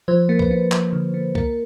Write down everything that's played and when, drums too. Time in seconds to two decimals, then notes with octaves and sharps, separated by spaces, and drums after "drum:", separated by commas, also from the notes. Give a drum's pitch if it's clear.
0.08 F3 C5
0.29 A#3
0.39 B4, drum: kick C2
0.51 A#3
0.72 F3, drum: clap
0.93 D3
1.14 A#3
1.35 A#3 A#4, drum: kick C2